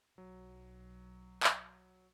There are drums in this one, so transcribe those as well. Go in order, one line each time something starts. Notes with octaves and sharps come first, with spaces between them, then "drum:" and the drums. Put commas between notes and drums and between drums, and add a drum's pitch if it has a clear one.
B1 F#3
drum: clap